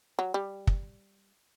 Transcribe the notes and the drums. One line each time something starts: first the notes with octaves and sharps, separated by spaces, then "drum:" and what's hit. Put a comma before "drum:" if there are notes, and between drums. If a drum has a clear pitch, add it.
F#3
G3
drum: kick